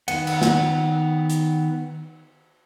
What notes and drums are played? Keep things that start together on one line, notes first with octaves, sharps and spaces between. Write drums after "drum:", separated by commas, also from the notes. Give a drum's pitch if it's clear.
D#3 B3 F#5, drum: cymbal
drum: cymbal
drum: snare
drum: hi-hat